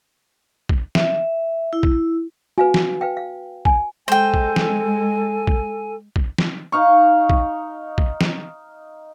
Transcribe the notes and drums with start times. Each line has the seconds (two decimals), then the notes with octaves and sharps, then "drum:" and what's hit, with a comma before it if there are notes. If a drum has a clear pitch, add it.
0.69 drum: kick
0.95 E5, drum: snare
1.73 E4
1.83 drum: kick
2.58 F#4 B4 F5 G#5
2.74 drum: snare
3.01 B4 F5 G5
3.17 F5
3.65 G#5, drum: kick
4.08 G#3 A4 C5 G5 G#5
4.34 drum: kick
4.56 drum: snare
5.47 drum: kick
6.16 drum: kick
6.38 drum: snare
6.72 D#4 F5 C#6
7.30 drum: kick
7.98 drum: kick
8.21 drum: snare